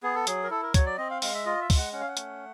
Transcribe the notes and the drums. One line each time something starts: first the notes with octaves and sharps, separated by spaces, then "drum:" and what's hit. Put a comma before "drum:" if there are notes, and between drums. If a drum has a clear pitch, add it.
B3 G#4
A4
F#3 G#4, drum: hi-hat
A#4
E4 A4
A#4
F#3 C#5, drum: kick, hi-hat
D5
C4 D#5
F5
G#3 F5, drum: open hi-hat
E5
F4 D#5
E5
G#3, drum: kick, open hi-hat
F#5
C#4 F#5
F5
F#5
A3, drum: hi-hat